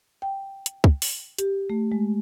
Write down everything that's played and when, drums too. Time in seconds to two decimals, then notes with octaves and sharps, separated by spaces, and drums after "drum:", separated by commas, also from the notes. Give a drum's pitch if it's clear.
0.22 G5
0.66 drum: hi-hat
0.84 drum: kick
1.02 drum: open hi-hat
1.39 G4, drum: hi-hat
1.70 A3
1.92 G#3